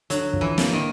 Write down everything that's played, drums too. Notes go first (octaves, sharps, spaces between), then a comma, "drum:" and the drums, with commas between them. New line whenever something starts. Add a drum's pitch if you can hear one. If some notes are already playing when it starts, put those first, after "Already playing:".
D3 F#3, drum: hi-hat
F3, drum: kick
E3
A#3, drum: snare
D#3